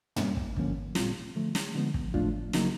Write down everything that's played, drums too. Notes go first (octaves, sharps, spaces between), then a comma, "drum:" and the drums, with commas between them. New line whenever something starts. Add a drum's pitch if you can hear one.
B2 G3 A#3 C#4, drum: tom
drum: kick
G2 D3 F3 A#3 C#4, drum: kick
A#2 G3 C4 F4, drum: snare
D3 F3 A3
drum: snare
D3 F3 G#3 B3
drum: kick
A2 F3 A3 D4 F4, drum: kick
C#3 F#3 A#3 D#4, drum: snare